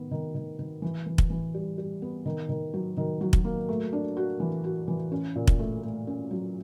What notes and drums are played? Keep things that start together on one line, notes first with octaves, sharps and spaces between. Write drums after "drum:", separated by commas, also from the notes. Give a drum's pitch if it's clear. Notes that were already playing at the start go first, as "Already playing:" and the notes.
Already playing: D#3 B3
D#3
D#3
D#3
E3
E3
drum: kick
E3
G3
G3
B3
D#3
D#3
F#3
D#3
F#3
drum: kick
A#3
A3
D4
F#4
E3
F#4
E3
C#4
A#2
drum: kick
A3
A3
C#4
F#3